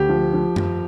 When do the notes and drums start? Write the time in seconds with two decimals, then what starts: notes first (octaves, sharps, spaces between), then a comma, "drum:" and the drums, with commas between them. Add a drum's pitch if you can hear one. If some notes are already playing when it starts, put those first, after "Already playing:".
Already playing: D2 G4
0.09 F3
0.34 F3
0.56 F3, drum: tom F#2